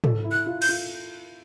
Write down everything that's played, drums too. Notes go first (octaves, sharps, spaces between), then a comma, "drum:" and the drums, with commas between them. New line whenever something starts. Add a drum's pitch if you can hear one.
A4, drum: tom
E4
F#6
F4
G6, drum: cymbal
F4